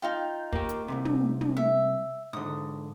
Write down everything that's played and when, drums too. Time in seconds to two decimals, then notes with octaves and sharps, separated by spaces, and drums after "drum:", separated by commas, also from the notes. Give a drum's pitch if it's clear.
0.02 D#4 F4 G5
0.53 A#3 G4, drum: kick
0.69 drum: hi-hat
0.88 C2 G2 C3
1.05 drum: tom
1.41 drum: tom
1.57 E5
2.33 G#2 D3 D#6